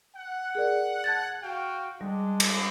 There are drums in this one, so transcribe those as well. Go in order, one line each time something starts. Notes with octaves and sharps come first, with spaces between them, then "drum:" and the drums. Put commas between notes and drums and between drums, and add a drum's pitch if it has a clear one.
F#5
G#4 A#4 D5
A5 G#6 A6
F#4 F5 G5
G3 G#3 D4
drum: cymbal